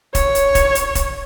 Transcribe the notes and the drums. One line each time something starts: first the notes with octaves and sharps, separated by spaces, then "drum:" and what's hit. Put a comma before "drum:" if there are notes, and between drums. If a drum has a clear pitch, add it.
C#5, drum: kick, hi-hat
drum: hi-hat
drum: kick, hi-hat
drum: hi-hat
drum: kick, hi-hat